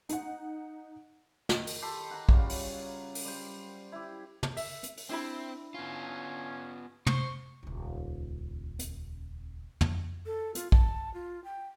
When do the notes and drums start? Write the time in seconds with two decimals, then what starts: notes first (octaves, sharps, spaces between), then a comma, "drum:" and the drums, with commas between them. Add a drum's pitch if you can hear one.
0.09 D#4 F#5, drum: hi-hat
1.49 D#3, drum: snare
1.67 drum: open hi-hat
1.82 G4 A4 B5 C6
2.11 F#5 A#5
2.29 C#3 F#3 G3 F4, drum: kick A#1
2.49 drum: open hi-hat
3.15 drum: open hi-hat
3.25 G3 C5
3.92 E4 G4
4.43 drum: tom
4.57 E5, drum: open hi-hat
4.83 drum: hi-hat
4.97 drum: open hi-hat
5.09 C4 D4 E4 E5 B5
5.74 B3 C#4 F4
7.07 C5 C#6, drum: tom
7.63 D#1 C#2
8.79 drum: hi-hat
9.81 drum: tom
10.26 A4
10.55 F4, drum: hi-hat
10.72 A5, drum: kick A#1
11.14 F4
11.44 G5